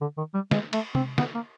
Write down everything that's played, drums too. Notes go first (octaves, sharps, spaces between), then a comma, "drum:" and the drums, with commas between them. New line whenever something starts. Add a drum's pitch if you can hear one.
D3
D#3
G3
G#3, drum: snare
A3, drum: cymbal
C4, drum: tom C3
B3, drum: snare
A#3